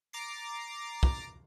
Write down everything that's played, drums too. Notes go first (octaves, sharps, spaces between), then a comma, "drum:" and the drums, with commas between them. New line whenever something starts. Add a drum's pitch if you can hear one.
A#5 D6 A6 C7
drum: kick